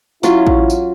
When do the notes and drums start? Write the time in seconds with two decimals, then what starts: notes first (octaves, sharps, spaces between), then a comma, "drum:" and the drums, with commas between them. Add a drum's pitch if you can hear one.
0.23 F#3 C#4 E4 F4, drum: tambourine
0.46 drum: kick A1
0.70 drum: tambourine